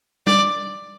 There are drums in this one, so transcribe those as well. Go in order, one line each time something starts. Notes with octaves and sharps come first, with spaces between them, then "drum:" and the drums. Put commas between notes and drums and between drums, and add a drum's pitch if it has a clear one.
D5, drum: tom